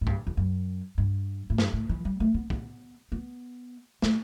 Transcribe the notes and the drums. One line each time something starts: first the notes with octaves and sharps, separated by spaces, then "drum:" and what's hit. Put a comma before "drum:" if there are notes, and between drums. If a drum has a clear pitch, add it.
A2
G2, drum: kick
E2
F#2
G2
A2
G2, drum: snare
A2
E3
G3
A3
B3
B3, drum: kick
B3
A3, drum: snare